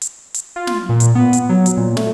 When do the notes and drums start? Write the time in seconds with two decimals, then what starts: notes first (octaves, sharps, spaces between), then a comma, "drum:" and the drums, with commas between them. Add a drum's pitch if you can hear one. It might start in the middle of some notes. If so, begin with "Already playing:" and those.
0.02 drum: hi-hat
0.34 drum: hi-hat
0.56 F4
0.67 drum: snare
0.89 A#2
1.00 drum: hi-hat
1.15 B3
1.33 drum: hi-hat
1.49 F#3
1.66 drum: hi-hat
1.77 A#2
1.97 A3, drum: snare